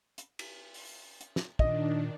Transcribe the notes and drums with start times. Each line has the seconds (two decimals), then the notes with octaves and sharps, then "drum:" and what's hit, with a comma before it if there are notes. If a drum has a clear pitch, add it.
0.18 drum: hi-hat
0.39 drum: cymbal
0.74 drum: open hi-hat
1.21 drum: hi-hat
1.36 drum: snare
1.59 A#2 D#3 D4 D#5, drum: kick